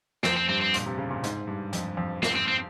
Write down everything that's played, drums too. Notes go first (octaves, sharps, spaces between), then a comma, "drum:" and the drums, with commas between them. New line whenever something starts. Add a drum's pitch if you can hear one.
F2 C4, drum: snare
C4
G2 C4
C4
A#2, drum: hi-hat
C3
C#3
A#2
G#2, drum: hi-hat
G2
F2, drum: hi-hat
F2
C4, drum: snare
C4
C4